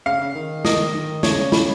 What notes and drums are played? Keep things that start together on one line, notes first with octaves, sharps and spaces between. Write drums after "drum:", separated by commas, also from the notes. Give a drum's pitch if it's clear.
C#3 F5
C#3
D#3
D#3 D#5, drum: snare
D#3
C#3 C#5, drum: snare
B5, drum: snare